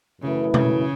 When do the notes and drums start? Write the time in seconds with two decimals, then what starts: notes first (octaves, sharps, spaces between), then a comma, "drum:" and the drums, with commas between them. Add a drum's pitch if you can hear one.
0.22 F#2 C#3 E3 A3 E4 B4
0.54 C#3, drum: tom B2